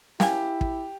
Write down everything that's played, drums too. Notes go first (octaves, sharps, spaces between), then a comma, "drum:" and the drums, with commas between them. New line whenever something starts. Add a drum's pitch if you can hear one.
A#3 E4 G4 G#5, drum: snare
drum: kick